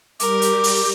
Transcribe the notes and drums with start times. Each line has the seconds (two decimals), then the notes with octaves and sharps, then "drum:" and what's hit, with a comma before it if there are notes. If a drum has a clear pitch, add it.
0.20 G3 G4 A#4 D6, drum: hi-hat
0.42 drum: hi-hat
0.64 drum: open hi-hat